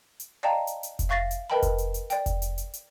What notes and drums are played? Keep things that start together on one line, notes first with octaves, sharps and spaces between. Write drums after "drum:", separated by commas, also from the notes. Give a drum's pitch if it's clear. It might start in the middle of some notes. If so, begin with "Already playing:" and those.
drum: hi-hat
D5 D#5 F5 G5 A5 A#5
drum: hi-hat
drum: hi-hat
drum: kick F1, hi-hat
E5 F5 C#6 A6 A#6 C7
drum: hi-hat
A#4 B4 D#5 G5 A5 B5
drum: kick F1, hi-hat
drum: hi-hat
drum: hi-hat
D5 G5, drum: hi-hat
drum: kick F1, hi-hat
drum: hi-hat
drum: hi-hat
drum: hi-hat